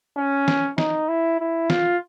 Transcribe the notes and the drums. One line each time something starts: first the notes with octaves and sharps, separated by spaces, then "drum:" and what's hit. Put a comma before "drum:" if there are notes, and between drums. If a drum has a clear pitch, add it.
C#4
drum: snare
D#4, drum: snare
E4
E4
F4, drum: snare